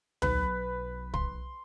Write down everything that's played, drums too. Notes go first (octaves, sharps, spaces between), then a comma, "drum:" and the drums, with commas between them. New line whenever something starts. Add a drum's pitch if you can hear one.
B1 B4, drum: tom D2
C6, drum: kick